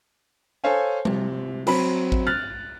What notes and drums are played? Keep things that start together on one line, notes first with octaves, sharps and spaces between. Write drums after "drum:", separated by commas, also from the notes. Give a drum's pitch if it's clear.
A4 C5 C#5 F5 G#5
C3, drum: tom G3
F#3 C4 B5, drum: cymbal
drum: kick A1
F6 F#6 A6